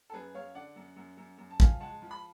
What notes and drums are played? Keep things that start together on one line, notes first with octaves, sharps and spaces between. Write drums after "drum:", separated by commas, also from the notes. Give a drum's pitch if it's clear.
A4
F#2 G#4 B4
F#2 C#5 F5
D3 D5 F#5
F#2
F#2
F#2
F#2
A5
F3 F5 G#5, drum: kick
G#3 F#5 A5
F3
B5